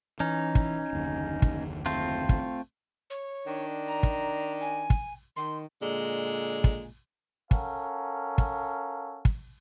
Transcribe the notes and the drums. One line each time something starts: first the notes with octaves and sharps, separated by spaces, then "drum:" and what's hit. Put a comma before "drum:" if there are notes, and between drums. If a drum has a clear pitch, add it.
E3 C#4 D#4
drum: kick
F#1 D#2 D3
drum: kick
A3 C4 F4
drum: kick
C#5
D#3 D4
A#5
drum: kick
G#5
drum: kick
D#3 C6
A#2 D3 G#3
drum: kick
C#4 A4 A#4 F5 F#5, drum: kick
drum: kick
drum: kick